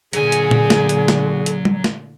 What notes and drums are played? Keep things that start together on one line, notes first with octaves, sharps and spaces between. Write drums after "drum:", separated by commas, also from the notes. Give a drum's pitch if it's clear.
A#2 D3 F#3 G#4 G#5, drum: hi-hat
drum: hi-hat
drum: tom A#2
drum: snare
drum: hi-hat
drum: snare
drum: hi-hat
drum: tom
drum: snare